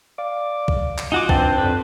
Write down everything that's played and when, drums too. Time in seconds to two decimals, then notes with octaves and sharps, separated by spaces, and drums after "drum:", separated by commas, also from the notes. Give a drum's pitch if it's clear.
0.18 D5 F5
0.68 drum: kick B1
0.98 drum: clap
1.12 D#4 F4 F#4 G#5 D6
1.29 G2 C4 C5 G5 A5 A6, drum: kick B1
1.58 F2 D4 B4